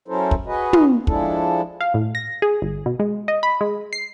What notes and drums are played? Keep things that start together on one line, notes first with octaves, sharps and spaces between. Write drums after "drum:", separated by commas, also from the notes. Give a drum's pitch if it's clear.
F#3 C#4 E4 A4 A#4 C5
drum: kick
F#4 G#4 B4 D#5
drum: tom
F3 G#3 D4 E4 A4, drum: kick
F5
A2
A#6
G#4
G1
B2
G#3
D#5
B5
G#3
C7